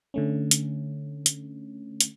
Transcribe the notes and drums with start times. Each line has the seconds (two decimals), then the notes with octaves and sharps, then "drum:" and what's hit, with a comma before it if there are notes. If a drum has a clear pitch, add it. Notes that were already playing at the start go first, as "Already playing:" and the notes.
0.14 D3 A3 C#4
0.51 drum: hi-hat
1.26 drum: hi-hat
2.01 drum: hi-hat